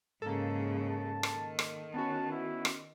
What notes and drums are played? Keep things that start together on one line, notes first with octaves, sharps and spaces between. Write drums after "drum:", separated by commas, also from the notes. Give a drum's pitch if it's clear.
G#2 C#3 A#3 A4
A5
drum: rim click
D#3
drum: rim click
B3 C#4 F#4 A5
E4
drum: rim click